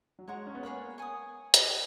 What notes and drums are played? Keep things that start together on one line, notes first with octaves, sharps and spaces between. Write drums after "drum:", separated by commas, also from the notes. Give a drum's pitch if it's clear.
F#3
G#3 C#5 F#5 A#5 C#6
C#4
B3
A#3 G#4 C#5 F#5 B5
C#5 G#5 D#6
drum: hi-hat